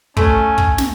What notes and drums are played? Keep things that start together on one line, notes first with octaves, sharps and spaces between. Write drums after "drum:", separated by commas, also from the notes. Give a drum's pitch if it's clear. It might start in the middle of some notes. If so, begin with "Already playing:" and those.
A3 C#4 G#5, drum: kick
drum: kick
drum: snare